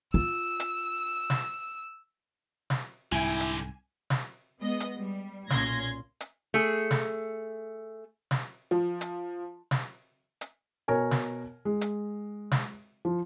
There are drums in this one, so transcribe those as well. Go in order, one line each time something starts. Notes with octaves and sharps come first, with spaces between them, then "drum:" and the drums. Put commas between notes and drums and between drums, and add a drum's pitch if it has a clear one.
F4 E6
drum: hi-hat
drum: snare
drum: snare
C2 G#2 D3 E4 G4 G#5
drum: hi-hat
drum: snare
G#3 B3 D#5
drum: hi-hat
G3
B1 A#2 C#4 C6 G#6 A#6, drum: snare
drum: hi-hat
A3 G#4
drum: snare
drum: snare
F3
drum: hi-hat
drum: snare
drum: hi-hat
B2 A#4 C#5 G#5
drum: snare
G#3
drum: hi-hat
drum: snare
F3